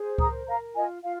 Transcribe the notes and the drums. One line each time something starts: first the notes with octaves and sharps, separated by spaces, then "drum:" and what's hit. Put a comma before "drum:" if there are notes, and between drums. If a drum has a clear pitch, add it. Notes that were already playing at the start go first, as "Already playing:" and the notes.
Already playing: G#4 C5
A#4 A#5 D#6, drum: kick C#2
A#4 F5 A#5
F4 D#5 G#5
F4 F5